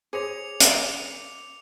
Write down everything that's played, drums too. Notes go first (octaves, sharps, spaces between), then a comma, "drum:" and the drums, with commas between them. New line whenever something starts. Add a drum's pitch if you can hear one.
G#4 C5 C#5 D6 C#7 F7
drum: hi-hat